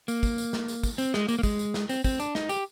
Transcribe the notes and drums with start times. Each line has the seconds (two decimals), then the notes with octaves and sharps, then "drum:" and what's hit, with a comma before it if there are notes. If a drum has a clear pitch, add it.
0.08 A#3, drum: tambourine
0.23 drum: kick, tambourine
0.38 drum: tambourine
0.53 drum: snare
0.68 drum: tambourine
0.83 drum: kick, tambourine
0.98 C4, drum: tambourine
1.14 G#3, drum: snare
1.28 A#3, drum: tambourine
1.39 A#3
1.43 G#3, drum: kick, tambourine
1.59 drum: tambourine
1.74 drum: snare
1.89 C4, drum: tambourine
2.04 C4, drum: kick, tambourine
2.20 D4, drum: tambourine
2.35 D#4, drum: snare
2.49 G4, drum: tambourine